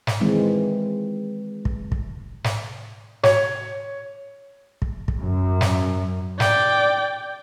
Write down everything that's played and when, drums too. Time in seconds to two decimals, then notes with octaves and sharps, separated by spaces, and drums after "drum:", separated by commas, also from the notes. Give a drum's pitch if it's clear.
0.07 drum: snare
0.20 D#3 E3 G#3 C4
1.65 drum: kick
1.92 drum: kick
2.44 drum: snare
3.23 C#5, drum: snare
4.82 drum: kick
5.08 drum: kick
5.18 F#2
5.61 drum: snare
6.40 D5 G5, drum: snare